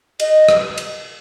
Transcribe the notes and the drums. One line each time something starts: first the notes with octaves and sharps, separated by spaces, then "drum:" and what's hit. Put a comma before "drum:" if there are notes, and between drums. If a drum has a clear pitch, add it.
D#5, drum: cymbal
drum: rim click
drum: cymbal